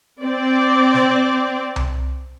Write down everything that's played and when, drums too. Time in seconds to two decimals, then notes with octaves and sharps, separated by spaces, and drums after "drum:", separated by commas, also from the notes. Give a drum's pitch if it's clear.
0.22 C4 D5
0.94 drum: snare
1.76 drum: tom C2